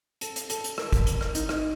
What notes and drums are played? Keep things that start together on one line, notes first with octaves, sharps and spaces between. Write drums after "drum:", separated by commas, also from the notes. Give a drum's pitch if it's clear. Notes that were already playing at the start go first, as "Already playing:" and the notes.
A4, drum: hi-hat
drum: hi-hat
A4, drum: hi-hat
drum: hi-hat
A#4, drum: rim click
drum: kick, hi-hat
drum: hi-hat
drum: rim click
D#4, drum: hi-hat
drum: rim click